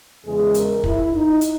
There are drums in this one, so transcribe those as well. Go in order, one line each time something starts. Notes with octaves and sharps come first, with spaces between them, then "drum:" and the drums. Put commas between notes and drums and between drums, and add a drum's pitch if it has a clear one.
E2 C#3 E3 G#3 G#4
A#4, drum: hi-hat
E4, drum: kick
D#4
drum: hi-hat